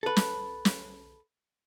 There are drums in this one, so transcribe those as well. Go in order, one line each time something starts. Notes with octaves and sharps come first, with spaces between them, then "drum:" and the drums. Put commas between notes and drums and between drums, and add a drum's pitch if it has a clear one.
A4 B4
drum: snare
drum: snare